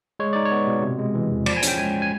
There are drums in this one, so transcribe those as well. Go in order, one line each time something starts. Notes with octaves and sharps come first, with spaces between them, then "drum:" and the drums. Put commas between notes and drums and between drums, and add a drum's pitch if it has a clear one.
G#3 C#5
D#4 D5
C#5
B3
B2
C3
G#3
E3
E2
F3 D5, drum: cymbal
G#5
C#4, drum: hi-hat
G5
G#3 G#5
G#5